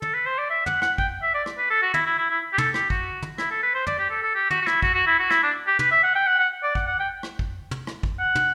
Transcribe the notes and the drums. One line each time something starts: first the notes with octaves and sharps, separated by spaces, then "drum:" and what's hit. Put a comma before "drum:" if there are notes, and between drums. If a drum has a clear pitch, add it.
A4, drum: tom
B4
C5
D5
E5
F#5, drum: tom
F#5, drum: rim click
G5, drum: kick
E5
D5
drum: rim click
B4
A4
F#4
E4, drum: tom
E4
E4
E4
G4
A4, drum: tom
G4, drum: rim click
F#4, drum: kick
drum: tom
E4, drum: rim click
A4
B4
C5
D5, drum: tom
G4
A4
A4
G4
F#4, drum: tom
F#4
E4, drum: rim click
F#4, drum: kick
F#4
E4
F#4
E4, drum: rim click
D4
G4
B4, drum: tom
E5
F#5
G5
F#5
F#5
D5
F#5, drum: kick
F#5
G5
drum: rim click
drum: kick
drum: tom
drum: rim click
drum: kick
F#5
drum: tom